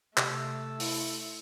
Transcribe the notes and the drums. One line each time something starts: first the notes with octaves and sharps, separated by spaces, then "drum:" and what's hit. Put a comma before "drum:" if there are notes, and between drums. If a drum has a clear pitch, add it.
C3 A3 E6, drum: clap
E4, drum: open hi-hat